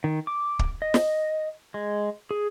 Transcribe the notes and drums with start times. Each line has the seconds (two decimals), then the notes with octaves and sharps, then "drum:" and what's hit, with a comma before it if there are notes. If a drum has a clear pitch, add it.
0.04 D#3
0.27 D6
0.59 drum: kick
0.82 D#5
0.94 drum: snare
1.74 G#3
2.31 G#4